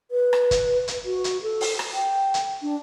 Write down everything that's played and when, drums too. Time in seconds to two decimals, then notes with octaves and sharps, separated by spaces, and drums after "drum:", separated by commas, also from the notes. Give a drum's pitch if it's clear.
0.11 B4
0.33 drum: rim click
0.51 drum: kick, hi-hat
0.88 drum: hi-hat
1.05 F#4
1.24 drum: hi-hat
1.42 A4
1.61 drum: open hi-hat
1.79 drum: rim click
1.94 G5
2.34 drum: hi-hat
2.62 D4